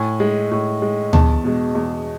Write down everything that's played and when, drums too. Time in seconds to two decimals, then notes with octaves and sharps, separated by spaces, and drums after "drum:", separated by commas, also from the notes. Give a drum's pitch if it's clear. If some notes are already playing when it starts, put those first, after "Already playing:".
Already playing: A2 G#5
0.20 G#3
0.51 A2
0.82 G#3
1.13 E2 A5, drum: tom D2
1.44 B2 G#3
1.75 E2